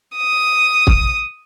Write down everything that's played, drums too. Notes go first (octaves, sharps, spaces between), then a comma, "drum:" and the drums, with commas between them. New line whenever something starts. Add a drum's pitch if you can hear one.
D#6
drum: kick